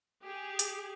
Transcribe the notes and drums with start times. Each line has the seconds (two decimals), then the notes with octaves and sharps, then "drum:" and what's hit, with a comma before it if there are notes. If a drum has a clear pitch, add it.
0.22 G4 G#4
0.59 drum: hi-hat